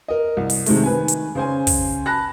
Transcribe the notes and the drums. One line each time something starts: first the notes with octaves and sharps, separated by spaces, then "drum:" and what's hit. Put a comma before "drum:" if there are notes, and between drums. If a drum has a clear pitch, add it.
A#4 D#5
C2
drum: open hi-hat
C3 D#3 G#3 A3, drum: open hi-hat
D#3 B4 G#5
drum: hi-hat
C#3 C5 G#5
drum: kick, open hi-hat
A5 B5 F#6 A#6